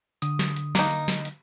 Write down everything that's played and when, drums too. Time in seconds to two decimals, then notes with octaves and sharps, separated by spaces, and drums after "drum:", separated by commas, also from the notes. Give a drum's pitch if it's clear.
0.22 D3 D#6, drum: hi-hat
0.39 drum: snare
0.56 drum: hi-hat
0.75 A#3 D#4, drum: snare
0.91 drum: hi-hat
1.08 drum: snare
1.25 drum: hi-hat